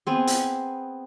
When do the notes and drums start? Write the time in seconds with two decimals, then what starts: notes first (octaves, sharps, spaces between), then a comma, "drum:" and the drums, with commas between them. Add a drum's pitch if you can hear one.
0.07 B3 C4 G#4
0.27 drum: hi-hat